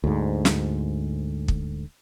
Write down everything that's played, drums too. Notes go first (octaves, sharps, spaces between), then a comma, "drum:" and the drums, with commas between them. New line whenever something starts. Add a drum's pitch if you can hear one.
D2 G#2
drum: snare
drum: kick